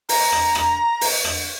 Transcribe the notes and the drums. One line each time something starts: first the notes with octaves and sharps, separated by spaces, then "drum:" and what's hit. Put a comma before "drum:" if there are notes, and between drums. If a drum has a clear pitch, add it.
A#5, drum: open hi-hat
drum: rim click
drum: rim click
drum: open hi-hat
drum: rim click